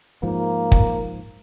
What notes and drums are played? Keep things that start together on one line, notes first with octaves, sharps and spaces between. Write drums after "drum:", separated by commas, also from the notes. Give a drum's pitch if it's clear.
G#2 F3 A#3
drum: kick